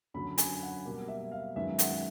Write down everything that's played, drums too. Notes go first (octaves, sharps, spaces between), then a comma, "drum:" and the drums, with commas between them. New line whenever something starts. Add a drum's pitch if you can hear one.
F#2 D3 F#3 B5
G#5, drum: hi-hat
F#5
B2 G3 A#3
E5
F5
F#2 D#3 G#3 B3 E5
F#5, drum: hi-hat